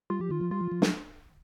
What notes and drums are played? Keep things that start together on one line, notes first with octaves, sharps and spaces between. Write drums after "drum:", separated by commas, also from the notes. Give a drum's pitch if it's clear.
G3 F4
F3 G4
D#3 F4
F3
G3 F4
F3
F3
G3, drum: snare